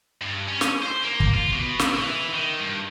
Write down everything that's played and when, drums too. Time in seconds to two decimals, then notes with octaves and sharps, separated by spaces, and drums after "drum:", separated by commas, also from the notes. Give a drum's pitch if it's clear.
0.21 G2
0.48 C#4
0.61 drum: snare
0.83 C5
1.03 A#3
1.20 drum: kick
1.34 F4
1.53 B2
1.79 drum: snare
1.93 E3
2.33 D#3
2.60 G2